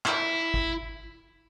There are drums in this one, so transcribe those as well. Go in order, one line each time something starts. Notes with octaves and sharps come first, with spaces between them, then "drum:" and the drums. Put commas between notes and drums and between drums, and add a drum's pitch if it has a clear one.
E4, drum: clap
drum: kick